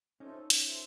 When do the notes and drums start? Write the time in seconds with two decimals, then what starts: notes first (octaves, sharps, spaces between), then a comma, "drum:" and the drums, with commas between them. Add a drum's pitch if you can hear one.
0.20 C#4 D#4 F4 A4 C5 E5
0.50 drum: hi-hat
0.65 F4 A4 C5 E5